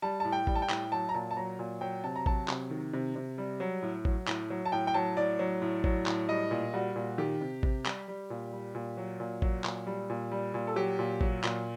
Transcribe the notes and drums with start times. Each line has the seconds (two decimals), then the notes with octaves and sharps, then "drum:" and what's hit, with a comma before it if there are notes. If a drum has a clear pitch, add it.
0.02 G3 A5
0.20 A2 A5
0.32 G5
0.47 G3, drum: kick A1
0.55 A5
0.62 G5
0.69 A2, drum: clap
0.92 F#3 A5
1.09 A#5
1.14 A#2 A5
1.31 A5
1.37 F#3 A#5
1.59 A#2
1.81 F#3 G5
2.04 C3 A5
2.16 A#5
2.26 F#3 A5, drum: kick A1
2.48 C3, drum: clap
2.71 D#3
2.93 C3
3.16 C3
3.38 G3
3.60 F#3
3.82 A2
4.05 F#3, drum: kick A1
4.27 A2, drum: clap
4.50 F#3
4.65 A5
4.72 A2 G5
4.87 G5
4.94 F#3 A5
5.17 A2 D5
5.39 F#3
5.62 A2
5.84 F#3, drum: kick A1
6.06 A2, drum: clap
6.29 G3 D#5
6.51 A#2
6.73 G3 F#4
6.96 A#2
7.18 D#3 G4
7.41 C3
7.63 C3, drum: kick A1
7.85 G3, drum: clap
8.08 G3
8.30 A#2
8.53 G3
8.75 A#2
8.97 F#3
9.20 A#2
9.42 F#3, drum: kick A1
9.64 A#2, drum: clap
9.87 G3
10.10 A#2
10.32 G3
10.54 A#2
10.67 A4
10.76 F#3 G4
10.99 A#2
11.21 F#3, drum: kick A1
11.43 A#2, drum: clap